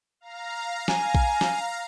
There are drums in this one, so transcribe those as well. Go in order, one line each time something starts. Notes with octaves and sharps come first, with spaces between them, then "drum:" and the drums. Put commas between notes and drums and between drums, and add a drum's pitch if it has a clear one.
F5 A#5
G#5, drum: snare
drum: kick A#1
drum: snare